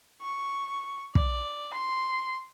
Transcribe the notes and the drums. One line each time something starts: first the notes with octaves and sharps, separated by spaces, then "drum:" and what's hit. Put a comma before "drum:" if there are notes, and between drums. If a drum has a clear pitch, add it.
C#6
D5, drum: kick
C6